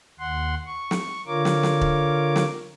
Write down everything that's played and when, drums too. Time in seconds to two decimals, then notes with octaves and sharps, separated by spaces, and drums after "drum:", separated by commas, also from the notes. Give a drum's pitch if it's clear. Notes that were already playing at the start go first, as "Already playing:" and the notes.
0.20 D#2 F#5 C6
0.67 C#6
0.91 drum: snare
1.27 D3 F4 A#4 C#5 D6
1.45 drum: snare
1.63 drum: snare
1.81 drum: kick
2.36 drum: snare